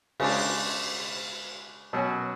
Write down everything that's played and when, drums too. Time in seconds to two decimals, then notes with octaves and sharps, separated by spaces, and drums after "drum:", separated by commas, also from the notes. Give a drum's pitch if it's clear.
0.20 C#3 G#3 D4, drum: cymbal
1.93 B2 F#3 C#4 F#4